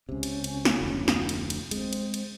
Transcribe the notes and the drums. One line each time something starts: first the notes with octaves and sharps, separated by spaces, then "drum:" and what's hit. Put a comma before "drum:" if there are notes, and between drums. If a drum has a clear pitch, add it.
C#2 C3 C#4
drum: cymbal
drum: cymbal
drum: snare
F1 D2
drum: snare
drum: cymbal
drum: cymbal
G#3 C4, drum: cymbal
drum: cymbal
drum: cymbal